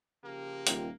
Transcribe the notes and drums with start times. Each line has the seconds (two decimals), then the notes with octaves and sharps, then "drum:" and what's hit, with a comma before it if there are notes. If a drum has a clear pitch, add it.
0.24 C#3 F3 A#3 G4
0.67 D#1 F4 A#4 G5, drum: hi-hat